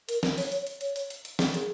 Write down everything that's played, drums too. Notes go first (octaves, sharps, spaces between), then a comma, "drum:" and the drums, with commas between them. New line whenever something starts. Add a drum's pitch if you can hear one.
A#4, drum: hi-hat
drum: snare
C#5, drum: open hi-hat
C#5, drum: hi-hat
drum: hi-hat
C#5, drum: hi-hat
drum: hi-hat
drum: hi-hat
drum: hi-hat
G#4, drum: snare
G#4, drum: hi-hat